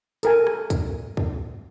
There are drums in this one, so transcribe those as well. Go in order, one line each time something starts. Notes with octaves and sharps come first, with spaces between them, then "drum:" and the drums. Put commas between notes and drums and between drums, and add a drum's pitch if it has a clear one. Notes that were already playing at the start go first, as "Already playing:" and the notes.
A4 A#4 G#5, drum: hi-hat
drum: rim click
drum: kick, hi-hat
drum: kick